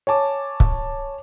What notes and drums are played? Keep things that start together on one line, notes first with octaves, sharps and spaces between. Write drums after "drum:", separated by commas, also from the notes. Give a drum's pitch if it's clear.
C#5 G#5 A5 D6
drum: kick C#1